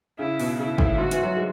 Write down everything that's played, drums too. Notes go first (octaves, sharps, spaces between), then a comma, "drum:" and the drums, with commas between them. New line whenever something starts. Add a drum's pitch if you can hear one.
C#3 E4
B2, drum: open hi-hat
C#3 E4
A2, drum: kick
G#2 F#4
E3, drum: hi-hat
F#3
G#3